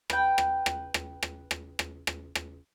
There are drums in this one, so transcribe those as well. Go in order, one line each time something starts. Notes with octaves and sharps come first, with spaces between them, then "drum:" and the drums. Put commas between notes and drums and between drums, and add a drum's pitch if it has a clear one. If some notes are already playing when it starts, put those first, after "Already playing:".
B4 G5, drum: rim click
drum: rim click
drum: rim click
drum: rim click
drum: rim click
drum: rim click
drum: rim click
drum: rim click
drum: rim click